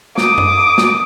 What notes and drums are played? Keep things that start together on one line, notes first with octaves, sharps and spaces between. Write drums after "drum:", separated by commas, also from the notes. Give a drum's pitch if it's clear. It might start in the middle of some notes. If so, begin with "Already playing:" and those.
D6 D#6, drum: snare
drum: tom F#2
drum: snare